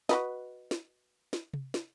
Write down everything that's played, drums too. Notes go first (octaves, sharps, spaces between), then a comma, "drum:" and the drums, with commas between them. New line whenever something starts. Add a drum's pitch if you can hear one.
F#4 B4 D#5, drum: snare
drum: snare
drum: snare
drum: tom C3
drum: snare